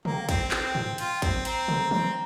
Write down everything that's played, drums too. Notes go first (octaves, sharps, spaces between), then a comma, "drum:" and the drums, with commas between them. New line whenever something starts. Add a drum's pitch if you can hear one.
A#3 A#5, drum: tom
G5
F5
C4 G5, drum: kick, cymbal
C4, drum: clap
drum: tom
F4, drum: cymbal
C4, drum: kick, cymbal
C4 A#5, drum: cymbal
drum: tom
C4, drum: tom